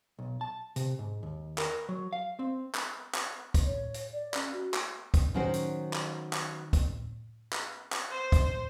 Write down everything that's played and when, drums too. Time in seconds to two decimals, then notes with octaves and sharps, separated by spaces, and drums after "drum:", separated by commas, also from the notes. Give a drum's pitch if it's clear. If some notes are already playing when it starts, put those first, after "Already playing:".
0.19 B1
0.41 A5
0.76 C3, drum: hi-hat
0.99 G#2
1.23 D#2
1.58 A#4, drum: clap
1.89 F#3
2.13 F5
2.39 C4
2.75 drum: clap
3.15 drum: clap
3.54 drum: kick, hi-hat
3.65 C#5
3.94 drum: hi-hat
4.12 D5
4.34 C#4, drum: clap
4.52 F#4
4.74 drum: clap
5.14 drum: kick, hi-hat
5.34 D#3 F#3 C#4 F#4 C5
5.54 drum: hi-hat
5.93 drum: clap
6.33 drum: clap
6.73 drum: kick, hi-hat
7.53 drum: clap
7.93 drum: clap
8.11 C5
8.32 drum: kick, hi-hat